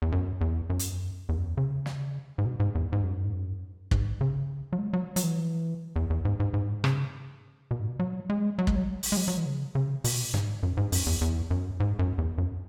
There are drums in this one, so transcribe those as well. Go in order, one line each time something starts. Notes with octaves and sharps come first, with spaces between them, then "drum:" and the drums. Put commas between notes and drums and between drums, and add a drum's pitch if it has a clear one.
E2
F#2
E2
F#2
drum: hi-hat
E2
F#2
E2
C#3
drum: snare
G#2
B2
G#2
E2
G#2
F#2
G#2
F#2
G#2, drum: kick
C#3
F#3
G#3
F#3
F#3, drum: hi-hat
E3
E2
E2
G#2
G#2
G#2
C#3, drum: rim click
B2
G#2
B2
F#3
G#3
F#3
G#3, drum: kick
F#3
drum: open hi-hat
G#3
F#3
F#3
E3
C#3
C#3
B2, drum: open hi-hat
G#2, drum: snare
F#2
G#2
F#2, drum: open hi-hat
E2
E2
F#2
G#2
F#2
E2
F#2